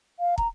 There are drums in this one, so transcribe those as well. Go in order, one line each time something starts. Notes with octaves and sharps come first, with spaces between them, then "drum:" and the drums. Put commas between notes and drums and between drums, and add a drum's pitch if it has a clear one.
F5
A#5, drum: kick